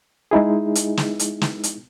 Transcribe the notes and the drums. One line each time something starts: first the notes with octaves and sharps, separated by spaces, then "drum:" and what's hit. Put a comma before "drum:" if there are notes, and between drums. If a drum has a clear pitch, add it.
G#3 D#4 E4 G#4
drum: hi-hat
drum: snare
drum: hi-hat
drum: snare
drum: hi-hat